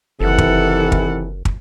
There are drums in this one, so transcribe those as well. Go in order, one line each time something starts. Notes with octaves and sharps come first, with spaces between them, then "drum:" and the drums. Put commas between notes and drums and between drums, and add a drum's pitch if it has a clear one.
F#1 C3 D#3 E3 A4 F#5
drum: kick
drum: kick
drum: kick